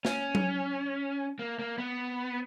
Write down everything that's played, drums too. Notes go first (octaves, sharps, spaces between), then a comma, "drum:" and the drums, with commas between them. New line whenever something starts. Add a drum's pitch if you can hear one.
C#4, drum: snare
drum: tom F#3
A#3
A#3
B3